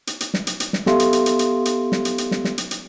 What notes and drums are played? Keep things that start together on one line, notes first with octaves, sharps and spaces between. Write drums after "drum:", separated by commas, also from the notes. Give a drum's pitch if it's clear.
drum: hi-hat
drum: hi-hat
drum: snare
drum: hi-hat
drum: hi-hat
drum: snare
B3 G4 A4 E5 F5 C6, drum: snare
drum: hi-hat
drum: hi-hat
drum: hi-hat
drum: hi-hat
drum: hi-hat
drum: snare
drum: hi-hat
drum: hi-hat
drum: snare
drum: snare
drum: hi-hat
drum: hi-hat